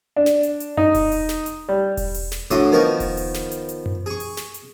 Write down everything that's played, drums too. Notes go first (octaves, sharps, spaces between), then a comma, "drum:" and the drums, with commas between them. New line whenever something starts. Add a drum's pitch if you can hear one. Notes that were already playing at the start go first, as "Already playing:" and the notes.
D4
drum: snare
drum: hi-hat
drum: hi-hat
D#4, drum: tom F#2
drum: kick E1, open hi-hat
drum: open hi-hat
drum: snare
drum: hi-hat
G3
drum: kick E1, open hi-hat
drum: open hi-hat
drum: snare
A2 D3 F#4 C6 D#6, drum: hi-hat
D#3 F3 B3 A#4 C#6
drum: kick E1, open hi-hat
drum: open hi-hat
drum: snare
drum: hi-hat
drum: hi-hat
drum: tom F#2
G#4 C#6
drum: open hi-hat
drum: snare
drum: hi-hat